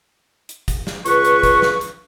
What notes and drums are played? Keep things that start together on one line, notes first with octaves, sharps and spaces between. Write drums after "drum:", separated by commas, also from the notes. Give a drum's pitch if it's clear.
drum: hi-hat
drum: kick, hi-hat
drum: snare
C#2 B4 C#6, drum: hi-hat
drum: hi-hat
drum: kick, hi-hat
drum: snare
drum: hi-hat